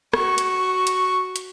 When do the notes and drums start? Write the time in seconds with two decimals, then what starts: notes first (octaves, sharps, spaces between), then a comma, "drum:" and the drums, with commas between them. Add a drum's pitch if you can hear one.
0.13 F#4 C#6, drum: rim click
0.38 drum: hi-hat
0.87 drum: hi-hat
1.36 drum: hi-hat